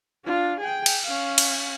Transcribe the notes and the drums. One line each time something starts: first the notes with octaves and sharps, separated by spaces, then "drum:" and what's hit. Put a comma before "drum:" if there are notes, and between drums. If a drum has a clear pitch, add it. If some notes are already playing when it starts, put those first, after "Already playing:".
D4 F4
G#4 G5
drum: cymbal
C#4 F5
drum: cymbal